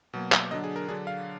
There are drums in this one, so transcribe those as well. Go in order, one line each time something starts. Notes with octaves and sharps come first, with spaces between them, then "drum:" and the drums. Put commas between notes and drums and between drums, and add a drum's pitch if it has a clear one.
B2 F#3 A#3
drum: clap
D3 F#3 D4 D#5
G#4
A#4
D3 F#3 D4 G#4
F5